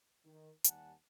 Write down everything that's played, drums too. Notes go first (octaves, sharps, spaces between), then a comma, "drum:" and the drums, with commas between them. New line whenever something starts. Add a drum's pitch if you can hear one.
D#3
D#2 D#3 G3 F#5 G#5 A5, drum: hi-hat